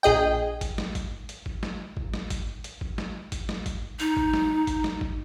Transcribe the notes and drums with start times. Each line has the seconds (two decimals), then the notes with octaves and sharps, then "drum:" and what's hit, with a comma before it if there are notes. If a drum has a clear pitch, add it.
0.03 A#1 G#4 D#5 G5
0.61 drum: kick G#1, hi-hat
0.78 drum: snare
0.95 drum: kick G#1, hi-hat
1.29 drum: hi-hat
1.46 drum: kick G#1
1.63 drum: snare
1.97 drum: kick G#1
2.14 drum: snare
2.30 drum: kick G#1, hi-hat
2.64 drum: hi-hat
2.81 drum: kick G#1
2.98 drum: snare
3.32 drum: kick G#1, hi-hat
3.49 drum: snare
3.66 drum: kick G#1, hi-hat
4.00 D#4, drum: hi-hat
4.17 drum: kick G#1
4.33 drum: snare
4.67 drum: kick G#1, hi-hat
4.84 drum: snare
5.01 drum: kick G#1